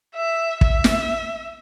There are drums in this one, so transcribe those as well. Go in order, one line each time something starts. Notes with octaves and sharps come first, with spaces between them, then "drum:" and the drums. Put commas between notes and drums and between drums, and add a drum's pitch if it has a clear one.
E5
E5, drum: kick
drum: snare